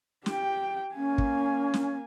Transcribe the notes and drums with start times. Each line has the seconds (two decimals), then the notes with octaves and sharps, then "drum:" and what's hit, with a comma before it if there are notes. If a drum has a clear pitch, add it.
0.26 G4 G5, drum: snare
0.95 A#3 C#4 G#5
1.18 drum: kick
1.74 drum: snare